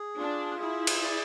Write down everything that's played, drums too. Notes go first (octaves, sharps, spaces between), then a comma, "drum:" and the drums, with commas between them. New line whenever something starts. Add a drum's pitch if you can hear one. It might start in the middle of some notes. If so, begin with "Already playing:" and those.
Already playing: G#4
D4 F4
E4 G#4
drum: cymbal
D5